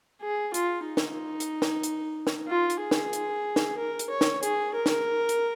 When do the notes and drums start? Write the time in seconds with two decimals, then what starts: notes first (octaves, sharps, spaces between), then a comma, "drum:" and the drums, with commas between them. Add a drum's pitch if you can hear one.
0.22 G#4
0.54 F4, drum: hi-hat
0.86 D#4
0.97 drum: snare
1.40 drum: hi-hat
1.62 drum: snare
1.83 drum: hi-hat
2.27 drum: snare
2.48 F4
2.70 drum: hi-hat
2.80 G#4
2.91 drum: snare
3.13 drum: hi-hat
3.56 drum: snare
3.78 A#4
3.99 drum: hi-hat
4.10 C#5
4.21 drum: snare
4.43 G#4, drum: hi-hat
4.75 A#4
4.86 drum: snare
5.29 drum: hi-hat